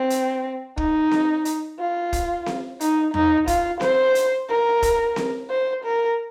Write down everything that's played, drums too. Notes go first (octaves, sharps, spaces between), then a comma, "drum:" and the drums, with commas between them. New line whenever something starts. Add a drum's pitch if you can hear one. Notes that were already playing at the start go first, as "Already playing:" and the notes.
Already playing: C4
drum: hi-hat
D#4, drum: kick
drum: snare C4
drum: hi-hat
F4
drum: kick, hi-hat
drum: snare C4
D#4, drum: hi-hat
D#4, drum: tom E2
F4, drum: kick, hi-hat
C5, drum: snare C4
drum: hi-hat
A#4
drum: kick, hi-hat
drum: snare C4
C5
A#4